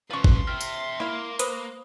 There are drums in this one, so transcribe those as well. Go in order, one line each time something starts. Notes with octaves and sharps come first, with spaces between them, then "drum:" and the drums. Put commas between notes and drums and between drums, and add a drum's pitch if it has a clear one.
F3 C#4 B4 C6 C#6
drum: kick G#1
E5 G5 F6
drum: tambourine
A#3 E4 F5
B4 C5 D#6, drum: hi-hat